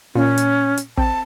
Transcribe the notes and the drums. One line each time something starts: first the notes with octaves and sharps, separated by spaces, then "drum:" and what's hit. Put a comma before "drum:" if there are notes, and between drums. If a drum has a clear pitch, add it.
A#2 C#4
drum: hi-hat
drum: hi-hat
C4 A5, drum: kick